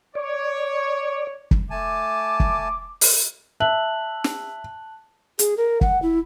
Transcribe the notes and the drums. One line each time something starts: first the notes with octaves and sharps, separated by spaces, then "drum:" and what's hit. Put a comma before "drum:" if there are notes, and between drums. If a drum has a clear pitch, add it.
C#5 D5
drum: kick
A3 G#5 A5 D6
drum: kick
drum: open hi-hat
E5 A5 F#6 F#7
drum: snare
G#4, drum: hi-hat
A#4
F#5, drum: kick
E4